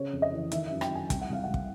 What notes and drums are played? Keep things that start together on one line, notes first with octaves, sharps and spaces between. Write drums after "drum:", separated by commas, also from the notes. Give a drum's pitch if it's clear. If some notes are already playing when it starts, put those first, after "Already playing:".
Already playing: C#3 C#5
F2
D#5
E3
D#3 E5, drum: hi-hat
F#2 E5
G5, drum: rim click
D#3 G#5
C2 G5, drum: kick, hi-hat
F#5
C2 F5
C2 F#5
drum: kick